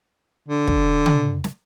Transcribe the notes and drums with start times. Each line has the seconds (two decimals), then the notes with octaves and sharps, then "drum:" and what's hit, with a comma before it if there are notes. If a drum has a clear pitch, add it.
0.48 D3
0.68 drum: kick
1.06 drum: tom C#3
1.44 drum: snare